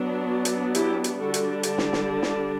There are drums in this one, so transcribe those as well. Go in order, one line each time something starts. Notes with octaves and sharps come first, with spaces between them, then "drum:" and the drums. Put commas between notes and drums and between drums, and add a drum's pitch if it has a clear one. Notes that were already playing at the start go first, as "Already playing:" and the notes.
Already playing: F#3 B3 D4
drum: hi-hat
E4 G4, drum: hi-hat
drum: hi-hat
D3 G3 D4 F#4 A4
drum: hi-hat
drum: hi-hat
drum: snare
drum: snare
drum: snare